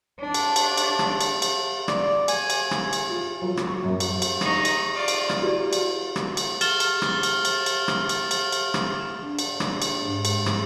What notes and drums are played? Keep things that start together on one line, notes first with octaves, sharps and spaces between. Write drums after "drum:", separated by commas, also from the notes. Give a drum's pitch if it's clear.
D4
drum: cymbal
drum: cymbal
drum: cymbal
drum: rim click
drum: cymbal
drum: cymbal
D5, drum: rim click
G#5, drum: cymbal
drum: cymbal
drum: rim click
drum: cymbal
F4
F#3
drum: rim click
C#6
F#2
drum: cymbal
drum: cymbal
D#4 C#6, drum: rim click
drum: cymbal
F4 D5
drum: cymbal
drum: rim click
E4 F#4 G4 B4 D5
drum: cymbal
drum: rim click
drum: cymbal
F6 A6 E7 G7, drum: cymbal
drum: cymbal
drum: rim click
drum: cymbal
drum: cymbal
drum: cymbal
drum: rim click
drum: cymbal
drum: cymbal
drum: cymbal
drum: rim click
D4
drum: cymbal
drum: rim click
drum: cymbal
G#2
drum: cymbal
drum: rim click